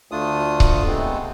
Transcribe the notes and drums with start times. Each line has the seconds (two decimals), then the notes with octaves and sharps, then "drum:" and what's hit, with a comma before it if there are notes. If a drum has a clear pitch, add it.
0.12 D2 A3 D4 F4 D#6
0.60 drum: kick C#1
0.87 C3 G#3 A3 B3 C4